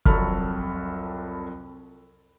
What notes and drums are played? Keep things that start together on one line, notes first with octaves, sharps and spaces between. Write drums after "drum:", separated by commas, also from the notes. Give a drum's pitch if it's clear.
C2 F2 F#3 A4 B5 F6, drum: kick